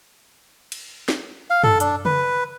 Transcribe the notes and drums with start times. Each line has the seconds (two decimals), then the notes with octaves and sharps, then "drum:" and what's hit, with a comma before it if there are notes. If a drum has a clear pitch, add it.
0.72 drum: cymbal
1.09 drum: snare
1.50 F5
1.64 A4, drum: tom
1.80 D4, drum: hi-hat
2.05 B4, drum: tom C#3